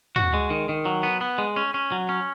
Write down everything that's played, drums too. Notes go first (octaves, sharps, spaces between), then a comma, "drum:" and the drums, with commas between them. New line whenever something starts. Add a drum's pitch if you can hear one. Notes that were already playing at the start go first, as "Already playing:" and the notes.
F#4, drum: tom
G#3
D#3
D#3
F#3
B3
B3
G#3
C#4
C#4
F#3
C#4